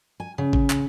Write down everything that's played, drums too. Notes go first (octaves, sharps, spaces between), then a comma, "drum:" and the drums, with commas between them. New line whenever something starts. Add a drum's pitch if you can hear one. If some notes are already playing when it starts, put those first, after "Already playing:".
G#5
C#3
drum: kick G#1
drum: clap